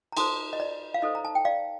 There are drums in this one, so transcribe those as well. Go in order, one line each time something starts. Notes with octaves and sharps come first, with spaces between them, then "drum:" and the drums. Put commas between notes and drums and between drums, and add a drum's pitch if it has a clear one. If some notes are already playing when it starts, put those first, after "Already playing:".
A#5
D#4 A4 C5 A5 C6, drum: cymbal
D#5
D5
F5
D#4 A4 C5 D#5
A#5
A5
G5
D5 F5